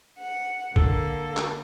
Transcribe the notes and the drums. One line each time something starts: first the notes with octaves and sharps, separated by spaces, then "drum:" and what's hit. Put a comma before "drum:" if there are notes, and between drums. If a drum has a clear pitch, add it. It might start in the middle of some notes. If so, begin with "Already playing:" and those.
F#5
D3 A#3 A4, drum: kick
drum: clap